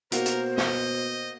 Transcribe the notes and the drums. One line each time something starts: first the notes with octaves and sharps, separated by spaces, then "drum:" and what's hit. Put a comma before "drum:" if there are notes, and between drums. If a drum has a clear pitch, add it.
B2 A#3 F#4 A#4 C5 F5, drum: hi-hat
drum: hi-hat
D#5, drum: snare